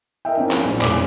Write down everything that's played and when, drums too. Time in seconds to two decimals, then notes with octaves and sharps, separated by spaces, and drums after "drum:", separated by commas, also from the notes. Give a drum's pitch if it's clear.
0.25 A#4 D#5 E5 G5
0.37 A#3 C4 C#4 D#4
0.51 F3, drum: clap
0.65 A#1
0.81 F1 C#4 D6, drum: clap